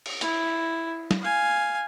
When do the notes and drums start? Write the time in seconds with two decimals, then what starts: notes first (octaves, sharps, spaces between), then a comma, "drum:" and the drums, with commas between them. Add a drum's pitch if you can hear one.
0.06 drum: cymbal
0.21 E4, drum: hi-hat
1.11 drum: snare
1.20 F5 G#5